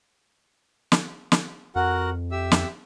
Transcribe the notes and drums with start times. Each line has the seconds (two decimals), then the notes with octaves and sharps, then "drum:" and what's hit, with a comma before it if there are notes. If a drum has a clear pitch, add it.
0.92 drum: snare
1.32 drum: snare
1.76 F2 F#4 A#4 F#5
2.32 G4 E5 E6
2.52 drum: snare